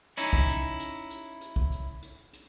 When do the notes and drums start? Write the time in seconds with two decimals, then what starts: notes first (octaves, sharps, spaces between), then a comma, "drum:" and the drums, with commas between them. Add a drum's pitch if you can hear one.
0.17 C#4 D#4 E4, drum: hi-hat
0.33 drum: kick
0.48 drum: hi-hat
0.79 drum: hi-hat
1.10 drum: hi-hat
1.41 drum: hi-hat
1.56 drum: kick
1.72 drum: hi-hat
2.02 drum: hi-hat
2.33 drum: hi-hat